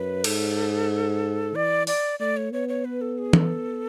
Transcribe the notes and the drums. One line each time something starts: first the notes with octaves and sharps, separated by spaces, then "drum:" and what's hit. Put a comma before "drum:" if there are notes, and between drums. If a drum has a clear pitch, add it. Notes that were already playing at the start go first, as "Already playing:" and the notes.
Already playing: F#2 B4
G#2 A4, drum: cymbal
E3 D5
D5, drum: open hi-hat
A3 D5
C#5
B3 C#5
C#5
B4
A4
G#4
A4, drum: tom E3